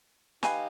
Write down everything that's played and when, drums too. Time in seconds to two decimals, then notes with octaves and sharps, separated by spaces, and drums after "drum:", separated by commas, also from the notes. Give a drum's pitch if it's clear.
0.43 D#4 G4 B4 F5 G#5 B5, drum: snare